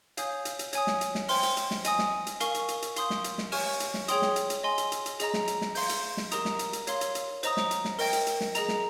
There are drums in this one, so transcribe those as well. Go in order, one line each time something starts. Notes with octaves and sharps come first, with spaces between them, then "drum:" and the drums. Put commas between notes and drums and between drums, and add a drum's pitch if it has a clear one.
C#5 F5 G#5 D#6 G6, drum: hi-hat
drum: hi-hat
drum: hi-hat
C#5 G#5 D#6, drum: hi-hat
drum: snare
drum: hi-hat
drum: snare
C5 G5 C6 F6, drum: open hi-hat
drum: hi-hat
drum: hi-hat
drum: snare
D#5 G#5 D#6, drum: hi-hat
drum: snare
drum: hi-hat
A#4 F5 G#5 C#6, drum: hi-hat
drum: hi-hat
drum: hi-hat
drum: hi-hat
F5 C6 D#6 G6, drum: hi-hat
drum: snare
drum: hi-hat
drum: snare
G4 C#5 G#5 C#6 F6, drum: open hi-hat
drum: hi-hat
drum: snare
G#4 C#5 G5 C6 D#6, drum: hi-hat
drum: snare
drum: hi-hat
drum: hi-hat
D#5 G#5 C6
drum: hi-hat
drum: hi-hat
drum: hi-hat
G#4 D#5 A#5, drum: hi-hat
drum: snare
drum: hi-hat
drum: snare
F5 C6 G6, drum: open hi-hat
drum: hi-hat
drum: snare
G4 A#4 D#5 A#5 D#6, drum: hi-hat
drum: snare
drum: hi-hat
drum: hi-hat
C#5 F5 C6, drum: hi-hat
drum: hi-hat
drum: hi-hat
C5 D#5 A#5 D#6, drum: hi-hat
drum: snare
drum: hi-hat
drum: snare
A#4 D#5 G5, drum: open hi-hat
drum: hi-hat
drum: hi-hat
drum: snare
G#4 D#5 A#5, drum: hi-hat
drum: snare